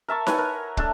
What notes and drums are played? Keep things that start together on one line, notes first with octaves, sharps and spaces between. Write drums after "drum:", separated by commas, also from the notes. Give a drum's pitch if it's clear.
A#4 E5 A5 C#6
B4 C#5 F#5 G#5, drum: snare D#4
A#4
A3 D4 A4, drum: kick